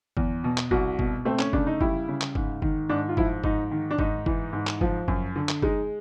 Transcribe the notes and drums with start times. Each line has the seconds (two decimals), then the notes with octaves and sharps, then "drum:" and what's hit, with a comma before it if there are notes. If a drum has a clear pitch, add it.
0.17 E2, drum: kick F#1
0.44 B2
0.58 drum: clap
0.71 C2 F#4, drum: kick F#1
0.99 B2, drum: kick F#1
1.25 A3 C4
1.39 C#4, drum: clap
1.53 C#3 D4, drum: kick F#1
1.67 D#4
1.81 G3 E4, drum: kick F#1
2.08 C#3
2.21 drum: clap
2.35 G#2, drum: kick F#1
2.62 D#3, drum: kick F#1
2.89 G#2 D4
3.09 F4
3.17 F3 E4, drum: kick F#1
3.44 G#2 D#4, drum: kick F#1
3.71 D#3
3.91 D4
3.99 G#2 D#4, drum: kick F#1
4.26 E3, drum: kick F#1
4.53 G#2
4.67 drum: clap
4.81 F3, drum: kick F#1
5.08 F#2, drum: kick F#1
5.36 D3
5.49 drum: clap
5.62 G#3 D#4, drum: kick F#1